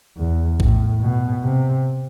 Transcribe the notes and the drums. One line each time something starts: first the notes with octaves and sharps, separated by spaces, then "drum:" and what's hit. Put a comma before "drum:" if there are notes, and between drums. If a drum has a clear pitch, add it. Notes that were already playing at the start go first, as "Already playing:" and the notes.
E2
A2, drum: kick
B2
C3